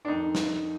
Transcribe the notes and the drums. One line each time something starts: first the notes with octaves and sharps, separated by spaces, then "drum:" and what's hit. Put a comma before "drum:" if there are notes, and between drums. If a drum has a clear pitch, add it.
D4
F2 D#3 D#4
drum: snare